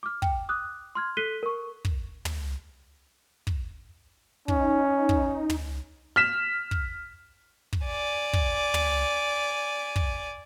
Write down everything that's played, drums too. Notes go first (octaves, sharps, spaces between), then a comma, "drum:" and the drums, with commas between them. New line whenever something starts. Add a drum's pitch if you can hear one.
D6 F6
G5, drum: kick
D6 D#6 F#6
C6 F6 G#6
A4 F#6 B6 C7 D#7 G7
A#4 C#6
drum: kick
drum: tom
drum: kick
C#4 D#4, drum: kick
drum: kick
drum: tom
F6 B6 E7
drum: kick
drum: kick
D5 G#5
drum: kick
drum: tom
drum: kick